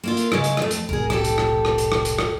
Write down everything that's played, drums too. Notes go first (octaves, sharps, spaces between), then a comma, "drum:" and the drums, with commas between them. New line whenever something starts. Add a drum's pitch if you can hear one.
A#3 E4 F4
drum: hi-hat
C#3 G#3, drum: rim click
drum: hi-hat
F2 A3, drum: rim click
drum: hi-hat
E1 C2 A2 G#4 A#4
G4 A4, drum: rim click
drum: hi-hat
drum: rim click
drum: rim click
drum: hi-hat
drum: rim click
drum: hi-hat
drum: rim click